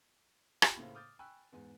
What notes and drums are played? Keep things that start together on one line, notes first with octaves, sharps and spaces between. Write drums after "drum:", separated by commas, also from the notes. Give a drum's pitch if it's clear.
F4 G4, drum: rim click
A2 C#3 A#3 A4 C5 F5
D6 D#6 F6 G6 A6
G5 G#5 B5 C#6 E6 F#6
E2 G#2 G#5